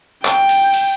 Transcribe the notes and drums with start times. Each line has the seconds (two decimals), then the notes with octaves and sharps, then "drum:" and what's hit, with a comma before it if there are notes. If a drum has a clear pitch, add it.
0.25 G5, drum: clap
0.49 drum: cymbal
0.74 drum: cymbal